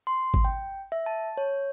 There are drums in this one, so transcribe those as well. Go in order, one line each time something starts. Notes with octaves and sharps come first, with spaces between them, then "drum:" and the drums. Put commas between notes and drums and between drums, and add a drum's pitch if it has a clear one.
C6
drum: kick G#1
G5
E5
A5
C#5